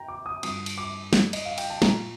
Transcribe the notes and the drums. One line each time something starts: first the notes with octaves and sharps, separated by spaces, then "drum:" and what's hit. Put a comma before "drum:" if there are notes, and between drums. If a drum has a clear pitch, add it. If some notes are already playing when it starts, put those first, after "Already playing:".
Already playing: G5 A#5
D6
D#6
G2 D3 F3 D#6, drum: cymbal
drum: cymbal
D6
drum: snare
D#5, drum: cymbal
F5
G5, drum: cymbal
A5
A#2 F3 A#5, drum: snare